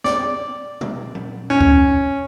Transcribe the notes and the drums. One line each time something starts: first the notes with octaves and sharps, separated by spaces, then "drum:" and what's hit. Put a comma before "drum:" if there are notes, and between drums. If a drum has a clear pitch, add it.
D5, drum: snare
drum: tom A#2
drum: tom F#3
C#4
drum: kick D2